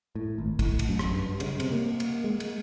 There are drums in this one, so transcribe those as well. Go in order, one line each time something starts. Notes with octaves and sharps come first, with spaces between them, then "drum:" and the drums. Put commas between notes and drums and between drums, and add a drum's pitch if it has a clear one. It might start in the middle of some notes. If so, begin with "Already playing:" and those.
A2
G#1
A2, drum: kick, cymbal
drum: cymbal
F#2
drum: rim click
G2
C#3, drum: cymbal
C3, drum: cymbal
A#3
drum: cymbal
G#3
drum: cymbal